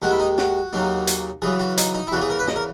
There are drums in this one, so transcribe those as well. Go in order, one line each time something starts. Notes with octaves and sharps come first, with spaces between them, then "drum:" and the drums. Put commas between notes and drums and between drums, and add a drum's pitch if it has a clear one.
D#2 D#3 G#3 F#4
E4
D#4
F#4, drum: snare
D#2 C#3 F#3 A#3 D#4
drum: hi-hat
F#2 C#3 E3 G#4
F#4
D#4, drum: hi-hat
D#4
E4
E2 C#3 E3 F#4
G#4
A#4
B4
D#5, drum: snare
A#4